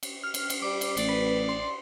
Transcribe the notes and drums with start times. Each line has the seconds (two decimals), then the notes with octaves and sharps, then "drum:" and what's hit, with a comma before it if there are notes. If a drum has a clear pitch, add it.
0.03 drum: cymbal
0.24 F6
0.34 drum: cymbal
0.50 drum: cymbal
0.62 G3 D6
0.81 drum: cymbal
0.97 A1 D5, drum: cymbal
1.09 B4
1.49 C6